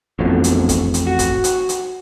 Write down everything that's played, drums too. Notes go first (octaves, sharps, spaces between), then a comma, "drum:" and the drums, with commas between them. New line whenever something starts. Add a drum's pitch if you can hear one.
A1 F2 B2 D3 F#3
drum: hi-hat
drum: kick, hi-hat
drum: hi-hat
F#4
drum: kick, hi-hat
drum: hi-hat
drum: hi-hat